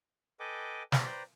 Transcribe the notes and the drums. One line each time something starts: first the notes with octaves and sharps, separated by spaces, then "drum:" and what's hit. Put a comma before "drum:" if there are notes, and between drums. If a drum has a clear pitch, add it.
A4 B4 D#5 G5 G#5 D6
B4 C5 D5 G5 A#5, drum: snare